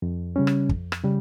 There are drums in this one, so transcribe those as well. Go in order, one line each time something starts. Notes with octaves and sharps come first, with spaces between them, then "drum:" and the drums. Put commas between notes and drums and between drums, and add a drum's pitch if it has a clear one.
F2
C#3 G3 C#4
drum: rim click
F2, drum: kick
drum: rim click
C#3 G3